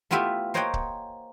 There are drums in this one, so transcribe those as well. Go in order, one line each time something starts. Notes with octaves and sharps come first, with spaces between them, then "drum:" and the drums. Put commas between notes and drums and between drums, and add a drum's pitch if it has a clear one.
A3 B3 E4 F4 G4 E5
A#3 C5 C#5 D#5 F#5 G5
drum: kick C#1